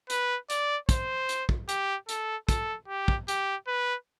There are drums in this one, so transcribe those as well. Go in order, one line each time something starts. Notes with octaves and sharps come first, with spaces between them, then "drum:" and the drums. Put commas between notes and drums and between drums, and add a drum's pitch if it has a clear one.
B4, drum: hi-hat
D5, drum: hi-hat
C5, drum: kick, hi-hat
drum: hi-hat
drum: kick
G4, drum: hi-hat
A4, drum: hi-hat
A4, drum: kick, hi-hat
G4
drum: kick
G4, drum: hi-hat
B4